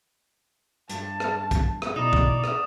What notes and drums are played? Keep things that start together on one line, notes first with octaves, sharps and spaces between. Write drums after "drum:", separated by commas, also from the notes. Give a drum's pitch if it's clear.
G2 A5, drum: hi-hat
drum: rim click
drum: kick, hi-hat
drum: rim click
B2 D#4 E4 D5 A#5 D#6 E7
drum: kick
drum: rim click